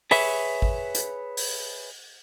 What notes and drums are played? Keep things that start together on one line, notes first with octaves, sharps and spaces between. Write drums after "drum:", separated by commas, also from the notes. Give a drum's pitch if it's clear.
G#4 B4 C#5 E5, drum: open hi-hat
drum: kick G#1
drum: hi-hat
drum: open hi-hat